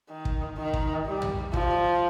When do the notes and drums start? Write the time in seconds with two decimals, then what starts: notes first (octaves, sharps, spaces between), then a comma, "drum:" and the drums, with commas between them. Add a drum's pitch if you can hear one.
0.09 D#3
0.25 drum: kick
0.57 D#3
0.73 drum: kick
1.06 G3
1.22 drum: tom
1.53 F3, drum: kick